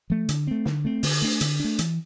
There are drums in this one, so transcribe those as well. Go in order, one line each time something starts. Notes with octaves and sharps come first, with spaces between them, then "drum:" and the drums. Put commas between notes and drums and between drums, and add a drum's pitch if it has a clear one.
F3 A3
D3, drum: hi-hat
A3 C4
D3, drum: snare
A3 C4
D3, drum: open hi-hat
A3 D4
D3, drum: hi-hat
A3 D4
E3, drum: hi-hat